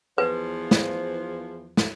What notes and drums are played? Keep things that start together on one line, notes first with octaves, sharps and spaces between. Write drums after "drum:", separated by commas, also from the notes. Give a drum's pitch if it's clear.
E2 F3 B4
drum: snare
drum: snare